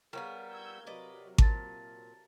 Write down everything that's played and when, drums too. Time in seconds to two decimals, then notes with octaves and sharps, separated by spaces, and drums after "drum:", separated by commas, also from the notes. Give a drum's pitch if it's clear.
0.13 G3 A#3 B3 G#4 A#4 C#5 F5
0.51 E6 G6 G#6
0.87 C3 F#3 B4 D5 D#5
1.38 A#2 A5 A6, drum: kick G#1